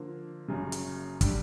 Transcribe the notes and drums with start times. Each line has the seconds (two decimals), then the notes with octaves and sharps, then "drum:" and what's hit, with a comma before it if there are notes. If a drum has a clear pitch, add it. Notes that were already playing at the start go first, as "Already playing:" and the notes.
Already playing: D3 F3 A#3
0.48 F#1 F#2 C#3
0.72 drum: hi-hat
1.21 D3 G3, drum: kick, hi-hat